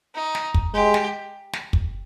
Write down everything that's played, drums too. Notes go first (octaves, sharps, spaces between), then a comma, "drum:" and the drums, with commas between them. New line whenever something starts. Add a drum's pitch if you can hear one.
D#4
drum: snare
drum: kick
G#3 G4
drum: snare
drum: snare
drum: kick